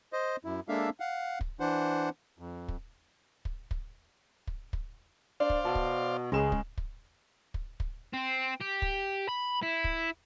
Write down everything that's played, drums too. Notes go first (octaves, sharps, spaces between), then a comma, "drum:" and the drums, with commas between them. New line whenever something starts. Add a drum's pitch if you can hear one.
C5 D#5
F#2 E4
G#3 A#3 D4 A4 E5 F5
F5 F#5
drum: kick
E3 D4 C5 F#5
F2
drum: kick
drum: kick
drum: kick
drum: kick
drum: kick
D4 C5 D5 F5
drum: kick
B2 A5
drum: kick
C#2 C#3 G#3 G#4 E7
drum: kick
drum: kick
drum: kick
drum: kick
C4
G4
drum: kick
B5
E4
drum: kick